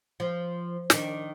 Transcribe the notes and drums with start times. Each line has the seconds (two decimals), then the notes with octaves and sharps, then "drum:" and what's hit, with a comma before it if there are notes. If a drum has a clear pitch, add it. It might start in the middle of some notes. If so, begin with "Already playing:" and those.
0.20 F3
0.90 D#3 D4, drum: snare